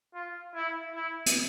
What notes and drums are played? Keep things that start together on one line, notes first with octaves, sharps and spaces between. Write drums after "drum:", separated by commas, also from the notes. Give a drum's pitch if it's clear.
F4
E4
E4
drum: hi-hat